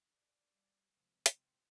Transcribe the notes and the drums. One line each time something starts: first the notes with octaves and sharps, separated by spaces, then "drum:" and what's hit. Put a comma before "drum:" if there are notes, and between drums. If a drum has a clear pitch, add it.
D5
G3
C3 F3 G#3
C4, drum: hi-hat